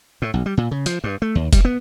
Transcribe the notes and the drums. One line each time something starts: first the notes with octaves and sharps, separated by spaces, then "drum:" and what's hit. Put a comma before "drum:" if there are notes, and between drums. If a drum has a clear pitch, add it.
A2
B1
G3
A#2
C#3
F3, drum: hi-hat
G2
A3
D#2
G3, drum: kick F1, hi-hat
B3